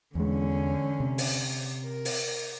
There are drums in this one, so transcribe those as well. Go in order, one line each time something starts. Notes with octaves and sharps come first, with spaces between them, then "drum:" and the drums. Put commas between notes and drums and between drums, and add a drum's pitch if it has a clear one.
E2 D3 G#3 C#4
C3
drum: open hi-hat
A#4
drum: open hi-hat